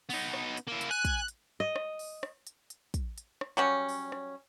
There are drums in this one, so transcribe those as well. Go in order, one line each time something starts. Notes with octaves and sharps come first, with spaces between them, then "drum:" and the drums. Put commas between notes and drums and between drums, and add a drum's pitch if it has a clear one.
B3 D#4, drum: open hi-hat
drum: rim click
drum: hi-hat
A#3 E4
drum: hi-hat
G#5 F#6
drum: kick, hi-hat
drum: hi-hat
D#5
drum: rim click
drum: open hi-hat
drum: rim click
drum: hi-hat
drum: hi-hat
drum: kick, hi-hat
drum: hi-hat
drum: rim click
F#3 G3 C#4
drum: open hi-hat
drum: rim click